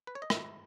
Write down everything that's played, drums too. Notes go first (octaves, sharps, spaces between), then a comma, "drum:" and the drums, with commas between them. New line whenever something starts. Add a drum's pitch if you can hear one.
B4
C#5
D#5
G#2 D#3 A3 D#4 E5, drum: rim click